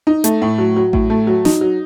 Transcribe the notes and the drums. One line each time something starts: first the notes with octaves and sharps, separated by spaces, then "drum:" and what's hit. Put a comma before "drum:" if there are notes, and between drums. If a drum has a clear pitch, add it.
D#4
A3, drum: hi-hat
A2
F#3
F#3
A2, drum: kick A1
A3
F#3
D#4, drum: snare
F#3